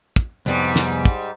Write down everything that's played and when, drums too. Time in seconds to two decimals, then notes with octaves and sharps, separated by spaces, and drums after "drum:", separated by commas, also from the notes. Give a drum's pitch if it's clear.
0.16 drum: kick
0.46 C2 F2 G#2 G3 B3
0.76 drum: snare
1.05 drum: kick